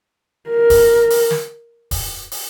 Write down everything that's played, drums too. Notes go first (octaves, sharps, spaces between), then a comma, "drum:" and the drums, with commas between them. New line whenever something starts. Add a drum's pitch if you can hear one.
A#4
drum: kick, open hi-hat
drum: open hi-hat
drum: snare
drum: kick, open hi-hat
drum: open hi-hat